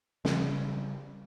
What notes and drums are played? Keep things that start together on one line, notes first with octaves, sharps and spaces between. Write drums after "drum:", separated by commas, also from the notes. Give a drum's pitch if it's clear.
C#3 G3, drum: snare